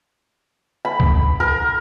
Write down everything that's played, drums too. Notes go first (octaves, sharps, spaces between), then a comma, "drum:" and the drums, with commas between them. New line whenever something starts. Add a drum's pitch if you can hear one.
B5
drum: kick
A#4